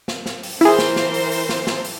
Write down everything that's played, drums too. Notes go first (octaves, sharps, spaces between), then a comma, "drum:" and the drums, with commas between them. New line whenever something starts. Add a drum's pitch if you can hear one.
drum: snare
drum: snare
drum: open hi-hat
E3 E4 G#4 A#4 C5, drum: open hi-hat
drum: snare
drum: snare
drum: open hi-hat
drum: open hi-hat
drum: snare
drum: snare
drum: open hi-hat